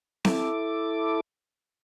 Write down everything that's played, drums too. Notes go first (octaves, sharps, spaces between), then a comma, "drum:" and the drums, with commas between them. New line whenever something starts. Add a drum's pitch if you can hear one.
E4 A4 D6, drum: snare C4